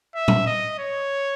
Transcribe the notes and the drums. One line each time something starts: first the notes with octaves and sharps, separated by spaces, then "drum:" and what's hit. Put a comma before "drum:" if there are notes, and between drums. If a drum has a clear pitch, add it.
E5
drum: tom
D#5
C#5